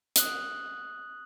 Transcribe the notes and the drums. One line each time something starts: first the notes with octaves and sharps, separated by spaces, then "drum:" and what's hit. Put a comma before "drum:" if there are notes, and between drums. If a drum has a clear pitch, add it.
D#6 F#6 F#7, drum: hi-hat